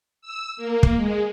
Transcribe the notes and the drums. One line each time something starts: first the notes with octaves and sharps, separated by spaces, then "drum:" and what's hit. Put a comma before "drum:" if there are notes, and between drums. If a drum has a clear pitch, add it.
E6
A#3
drum: kick
G#3